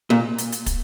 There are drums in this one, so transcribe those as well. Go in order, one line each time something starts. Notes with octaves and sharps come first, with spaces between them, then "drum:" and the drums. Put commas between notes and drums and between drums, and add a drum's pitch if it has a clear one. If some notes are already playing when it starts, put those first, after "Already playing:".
A#2
drum: hi-hat
drum: hi-hat
drum: kick, hi-hat